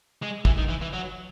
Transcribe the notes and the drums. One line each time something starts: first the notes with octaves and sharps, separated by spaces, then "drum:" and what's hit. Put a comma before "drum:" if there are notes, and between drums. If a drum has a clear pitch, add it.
G#3
E3, drum: kick
D#3
E3
E3
F#3